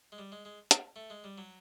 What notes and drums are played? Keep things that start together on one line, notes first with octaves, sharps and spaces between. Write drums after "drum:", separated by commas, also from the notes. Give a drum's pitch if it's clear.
G#3
G3
G#3
G#3
drum: hi-hat
A3
G#3
G3
F#3